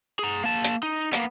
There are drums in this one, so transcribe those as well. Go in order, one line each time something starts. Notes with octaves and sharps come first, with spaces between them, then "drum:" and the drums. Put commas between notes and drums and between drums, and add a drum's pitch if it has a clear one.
G#4 A#5
A#3 A5
drum: hi-hat
D#4
A#3 B3, drum: hi-hat